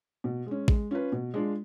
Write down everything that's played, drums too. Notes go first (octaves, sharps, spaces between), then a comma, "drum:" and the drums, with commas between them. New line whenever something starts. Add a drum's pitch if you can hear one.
B2
G#3 C#4
G#3, drum: kick A1
C#4 F4 B4
B2
G#3 D4 F4